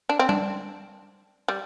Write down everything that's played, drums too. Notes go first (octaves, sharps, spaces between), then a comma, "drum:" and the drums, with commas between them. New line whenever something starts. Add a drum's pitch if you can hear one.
D4
C4
D4, drum: tom G3
G3